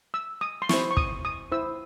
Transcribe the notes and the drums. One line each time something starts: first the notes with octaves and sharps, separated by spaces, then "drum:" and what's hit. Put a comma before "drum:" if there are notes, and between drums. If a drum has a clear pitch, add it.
E6
D#6
C6
E4 C5 C#6, drum: snare
C#6
D#6, drum: kick
D#6
E4 C5 E6